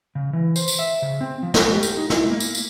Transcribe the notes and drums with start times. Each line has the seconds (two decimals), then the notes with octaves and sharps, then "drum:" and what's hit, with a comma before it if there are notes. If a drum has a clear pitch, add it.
0.15 C#3
0.33 E3
0.56 C5, drum: tambourine
0.68 drum: tambourine
0.79 E5
1.02 C#3
1.21 C4
1.43 F3
1.54 drum: snare
1.72 G4
1.83 drum: tambourine
1.97 D#4
2.10 E4, drum: snare
2.30 A#3
2.40 drum: tambourine
2.55 drum: tambourine